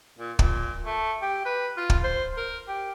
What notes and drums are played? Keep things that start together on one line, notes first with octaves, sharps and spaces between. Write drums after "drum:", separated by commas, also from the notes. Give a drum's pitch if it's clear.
A#2
A#2, drum: kick
A3
G4
B4
F4
drum: kick
C5
A#4
G4